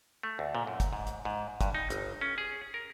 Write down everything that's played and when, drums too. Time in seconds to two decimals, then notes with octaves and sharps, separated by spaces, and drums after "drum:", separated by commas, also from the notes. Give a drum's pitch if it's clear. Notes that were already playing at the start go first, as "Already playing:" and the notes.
0.23 A3
0.39 D2
0.55 A#2
0.67 F#2
0.80 drum: kick, hi-hat
0.93 G#2
1.07 drum: hi-hat
1.25 G#2
1.61 G2, drum: kick, hi-hat
1.75 D#4
1.90 G1, drum: hi-hat
2.21 C#4
2.38 G#4
2.74 A#4